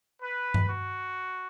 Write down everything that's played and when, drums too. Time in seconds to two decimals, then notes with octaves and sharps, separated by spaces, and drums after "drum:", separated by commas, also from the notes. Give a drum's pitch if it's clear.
0.21 B4
0.54 drum: tom G2
0.68 F#4